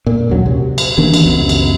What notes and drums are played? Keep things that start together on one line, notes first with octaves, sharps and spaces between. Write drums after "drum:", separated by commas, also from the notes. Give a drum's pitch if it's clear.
A#2
A#1 D#2 F#3 C#4
C3
drum: cymbal
D#3 E3 A#3 D4
drum: cymbal
C#2 F#2 F3 B3
drum: cymbal